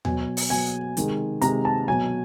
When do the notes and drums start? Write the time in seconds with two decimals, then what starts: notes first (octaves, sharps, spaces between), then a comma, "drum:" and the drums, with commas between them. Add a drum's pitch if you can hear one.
0.05 B2 F#3 G#5, drum: tom D#2
0.37 drum: open hi-hat
0.50 B2 F#3 G#5
0.97 C3 D#3 G#3, drum: hi-hat
1.41 C3 D#3 G#3 A#5, drum: hi-hat
1.65 A5
1.88 B2 F#3 G#5